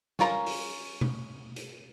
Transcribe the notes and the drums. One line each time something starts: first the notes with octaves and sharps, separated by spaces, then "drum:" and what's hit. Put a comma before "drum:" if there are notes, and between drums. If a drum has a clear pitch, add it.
C#4 F4 A#4 A#5, drum: snare
drum: open hi-hat
drum: tom B2
drum: hi-hat